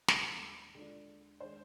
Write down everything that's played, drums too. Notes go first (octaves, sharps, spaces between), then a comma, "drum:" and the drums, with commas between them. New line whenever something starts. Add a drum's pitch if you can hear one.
D#2 D3 G#3 B5, drum: snare
D3 G#3 D4 F4
D#3 G#3 D4 C5